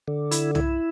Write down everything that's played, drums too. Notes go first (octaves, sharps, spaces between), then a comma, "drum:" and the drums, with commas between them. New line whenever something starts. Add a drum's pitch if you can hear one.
D3
E4, drum: hi-hat
E4, drum: tom